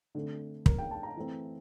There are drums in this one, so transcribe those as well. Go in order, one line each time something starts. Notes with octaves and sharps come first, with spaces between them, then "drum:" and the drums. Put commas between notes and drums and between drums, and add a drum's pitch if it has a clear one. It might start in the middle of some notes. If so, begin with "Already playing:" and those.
D3 A3 C4
A#4, drum: kick
G5
A5
A#5
E3 A3 C4